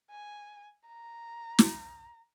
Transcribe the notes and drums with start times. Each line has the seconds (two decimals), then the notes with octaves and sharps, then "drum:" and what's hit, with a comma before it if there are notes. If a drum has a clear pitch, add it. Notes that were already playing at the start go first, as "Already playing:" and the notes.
0.11 G#5
0.87 A#5
1.59 drum: snare